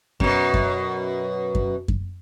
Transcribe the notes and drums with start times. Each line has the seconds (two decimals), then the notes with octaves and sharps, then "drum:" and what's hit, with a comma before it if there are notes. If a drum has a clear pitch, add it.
0.20 F#2 B2, drum: kick F#2
0.54 drum: kick F#2
1.55 drum: kick F#2
1.88 drum: kick F#2